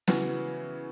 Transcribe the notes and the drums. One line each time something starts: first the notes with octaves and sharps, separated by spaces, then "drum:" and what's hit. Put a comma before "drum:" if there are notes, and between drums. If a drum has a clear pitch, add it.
C#3 E3 B3 F#4, drum: snare